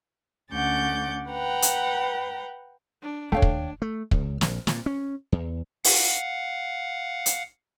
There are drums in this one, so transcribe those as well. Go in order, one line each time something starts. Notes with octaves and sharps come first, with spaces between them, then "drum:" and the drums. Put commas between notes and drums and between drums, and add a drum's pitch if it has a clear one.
D2 C#4 F#5 D6 G6 A6
B4 F#5 G5 A#5
drum: hi-hat
D4
D#2 A3 D4 C#5 F5 G5
drum: kick
A3
C#2, drum: kick
A#1, drum: snare
A#2, drum: snare
C#4
E2
F5 F#5, drum: open hi-hat
drum: hi-hat